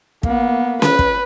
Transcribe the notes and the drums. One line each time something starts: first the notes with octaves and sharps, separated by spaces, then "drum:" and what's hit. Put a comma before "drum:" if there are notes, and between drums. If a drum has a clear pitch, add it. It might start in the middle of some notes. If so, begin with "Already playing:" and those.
A#3 B3, drum: kick
B4, drum: snare C#4
drum: kick